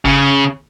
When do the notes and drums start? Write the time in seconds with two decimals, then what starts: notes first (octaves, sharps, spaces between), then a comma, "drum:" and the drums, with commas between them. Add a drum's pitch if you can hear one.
0.05 C#3, drum: kick G1